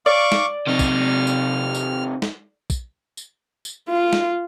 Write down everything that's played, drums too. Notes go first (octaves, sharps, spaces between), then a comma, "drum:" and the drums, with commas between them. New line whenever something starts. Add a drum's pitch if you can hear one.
D5 F5 C#6 D6
drum: snare
C3 D#4 F6
drum: kick, tambourine
drum: tambourine
drum: tambourine
drum: snare
drum: kick, tambourine
drum: tambourine
drum: tambourine
F4
drum: snare